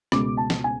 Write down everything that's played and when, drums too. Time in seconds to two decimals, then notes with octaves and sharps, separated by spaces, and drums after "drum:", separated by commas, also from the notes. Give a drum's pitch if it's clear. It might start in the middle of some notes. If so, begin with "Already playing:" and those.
0.12 C#2 B2 G#3 D6, drum: rim click
0.37 A5
0.50 drum: snare
0.64 G#5